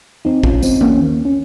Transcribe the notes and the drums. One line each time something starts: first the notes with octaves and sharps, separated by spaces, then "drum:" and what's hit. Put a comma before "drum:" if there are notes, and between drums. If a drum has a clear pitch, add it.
D#2 C4 D#4
C#4 F4, drum: kick A1
D#2 C4 D#4, drum: tambourine
A#3 C#4, drum: tom E3
D#3
C#4